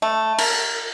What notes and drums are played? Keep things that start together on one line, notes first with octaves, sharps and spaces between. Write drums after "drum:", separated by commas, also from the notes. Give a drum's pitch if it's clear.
A3
A#4, drum: cymbal